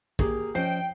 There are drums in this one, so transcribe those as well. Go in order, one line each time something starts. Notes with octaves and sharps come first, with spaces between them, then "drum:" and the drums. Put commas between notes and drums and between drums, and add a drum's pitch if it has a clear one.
A#3 G4 G#4, drum: kick
F3 C#4 C5 D#5 G5 C7